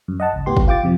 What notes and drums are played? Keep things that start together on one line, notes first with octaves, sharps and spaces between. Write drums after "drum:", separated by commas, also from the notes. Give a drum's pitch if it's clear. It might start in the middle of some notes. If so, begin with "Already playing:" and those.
F#2
D#5 F#5 A5
G#1 C#2
A2 B3 G4 C6
drum: kick
F4 G5 D6 A6
F2 C3 F3